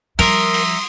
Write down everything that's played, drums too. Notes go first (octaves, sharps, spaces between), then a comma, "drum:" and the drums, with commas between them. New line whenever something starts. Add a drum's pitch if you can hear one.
F3 G3 A#4 E5 A#5 C6 D#6, drum: open hi-hat
drum: open hi-hat